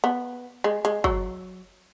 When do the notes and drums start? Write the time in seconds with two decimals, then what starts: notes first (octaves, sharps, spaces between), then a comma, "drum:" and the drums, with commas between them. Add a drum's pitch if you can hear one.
0.04 B3
0.64 G#3
0.85 G#3, drum: hi-hat
1.04 F#3, drum: kick